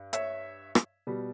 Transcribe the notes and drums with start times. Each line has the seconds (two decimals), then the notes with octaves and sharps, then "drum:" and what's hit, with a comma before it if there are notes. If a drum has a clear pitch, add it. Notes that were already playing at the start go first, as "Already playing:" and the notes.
Already playing: G2
0.13 C#5 E5, drum: hi-hat
0.75 drum: rim click
1.07 B2 G3